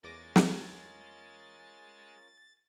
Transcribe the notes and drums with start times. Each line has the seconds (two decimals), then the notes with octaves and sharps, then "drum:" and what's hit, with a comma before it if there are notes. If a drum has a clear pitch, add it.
0.04 E2 G#3 C#4 F4 A#4 D6 A6 A#6
0.36 drum: snare